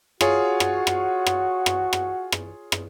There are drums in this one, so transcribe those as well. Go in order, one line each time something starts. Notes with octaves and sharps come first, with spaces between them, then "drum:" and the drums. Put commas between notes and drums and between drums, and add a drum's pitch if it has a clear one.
F4 F#4 G#4 C#5, drum: rim click
drum: rim click
drum: rim click
drum: rim click
drum: rim click
drum: rim click
drum: rim click
drum: rim click